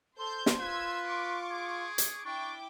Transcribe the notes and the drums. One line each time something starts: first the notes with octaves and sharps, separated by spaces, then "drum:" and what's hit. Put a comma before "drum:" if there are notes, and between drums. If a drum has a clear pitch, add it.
A4 C5 A5 C6 G6
drum: snare
F4 B4 E6 G#6
C#6 D6
G#4
drum: hi-hat
D4 E4 G5 C#6 D6